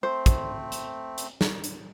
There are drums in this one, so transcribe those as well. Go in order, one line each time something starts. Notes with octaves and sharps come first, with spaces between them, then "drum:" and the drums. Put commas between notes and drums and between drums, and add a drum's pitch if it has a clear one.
A3 C4 C5
drum: kick, hi-hat
drum: hi-hat
drum: hi-hat
drum: snare
drum: hi-hat